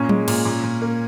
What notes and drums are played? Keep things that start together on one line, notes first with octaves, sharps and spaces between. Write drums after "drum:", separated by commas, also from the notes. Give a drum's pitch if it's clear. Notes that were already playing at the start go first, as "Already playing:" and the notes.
Already playing: A#2 C#4
G#3, drum: tom F#3
A#2, drum: cymbal
A#2
A#2
A#3